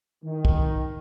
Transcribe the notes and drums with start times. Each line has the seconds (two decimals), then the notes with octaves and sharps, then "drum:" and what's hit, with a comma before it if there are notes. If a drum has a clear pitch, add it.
0.24 D#3
0.45 drum: kick